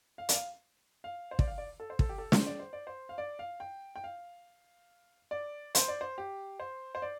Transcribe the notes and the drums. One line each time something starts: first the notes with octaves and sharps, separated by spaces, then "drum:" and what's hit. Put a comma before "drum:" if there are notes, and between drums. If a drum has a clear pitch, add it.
F5
D5, drum: hi-hat
F5
F5
C5
D5, drum: kick
F5
D5
A4
C5
A4, drum: kick
G4
A4
C5, drum: snare
D5
C5
D5
C5
F5
D5
F5
G5
G5
F5
D5
C5, drum: hi-hat
D5
C5
G4
C5
C5
D5